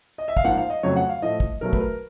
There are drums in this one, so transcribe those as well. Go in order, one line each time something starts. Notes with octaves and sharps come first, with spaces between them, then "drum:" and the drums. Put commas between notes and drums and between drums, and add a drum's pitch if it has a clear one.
D#5
E5
F5, drum: kick
G#2 F3 A#3 F#5
F5
D#5
F2 C#3 F#3 A3 C#5
F#5
F5
A2 F3 A3 D#5
drum: kick
B2 F#3 A3 A#4
B4, drum: kick
A#4